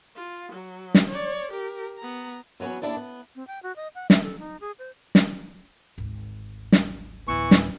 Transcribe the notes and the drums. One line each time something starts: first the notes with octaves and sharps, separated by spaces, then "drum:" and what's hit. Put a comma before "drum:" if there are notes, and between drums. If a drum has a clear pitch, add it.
F4
F#3
drum: snare
C#5 D5
G4 A#4
B3 A#5
E2 F#3 A3 B3 C#4
D#2 D#3 D4 E4 A4 D5
B3
C4
G5
F#4
D#5
F#5
E5, drum: snare
A4
D#4
G#4
C5
drum: snare
G#1 D2
drum: snare
D1 E2 E3 B3 C#6
drum: snare